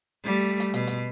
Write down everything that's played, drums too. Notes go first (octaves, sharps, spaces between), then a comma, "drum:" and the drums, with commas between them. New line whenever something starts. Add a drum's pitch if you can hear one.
G3 A3
drum: hi-hat
B2, drum: hi-hat
drum: hi-hat